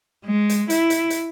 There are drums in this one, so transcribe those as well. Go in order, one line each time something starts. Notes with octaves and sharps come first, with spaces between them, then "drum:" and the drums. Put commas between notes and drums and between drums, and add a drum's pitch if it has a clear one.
G#3
drum: hi-hat
E4, drum: hi-hat
drum: hi-hat
drum: hi-hat